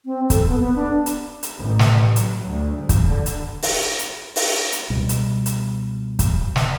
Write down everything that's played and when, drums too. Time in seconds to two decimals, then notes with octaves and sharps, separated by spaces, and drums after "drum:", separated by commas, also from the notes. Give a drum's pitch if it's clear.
0.06 C4
0.30 A4, drum: kick, hi-hat
0.48 B3
0.60 B3
0.75 D4
1.06 drum: hi-hat
1.43 drum: hi-hat
1.56 A1
1.79 drum: snare
2.16 F#3, drum: hi-hat
2.48 D2
2.76 G#2
2.89 drum: kick, hi-hat
3.05 D3
3.26 drum: hi-hat
3.62 drum: open hi-hat
3.99 drum: hi-hat
4.36 drum: open hi-hat
4.72 drum: hi-hat
4.90 C#2 B2 G3
5.09 drum: hi-hat
5.46 drum: hi-hat
6.19 drum: kick, hi-hat
6.56 drum: snare